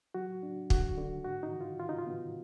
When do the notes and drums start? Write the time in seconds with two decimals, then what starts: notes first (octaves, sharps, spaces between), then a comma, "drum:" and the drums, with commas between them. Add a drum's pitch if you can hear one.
0.14 F#3 F#4
0.43 D4
0.70 D3 F#4, drum: kick
0.98 D3
1.24 G#2 F#4
1.43 D#4
1.52 D#3
1.61 F4
1.79 D#3 F4
1.89 D#4
1.98 F4
2.07 B3